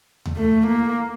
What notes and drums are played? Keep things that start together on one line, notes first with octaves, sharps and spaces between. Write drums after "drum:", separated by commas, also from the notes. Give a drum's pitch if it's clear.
drum: tom D#2
A3
A#3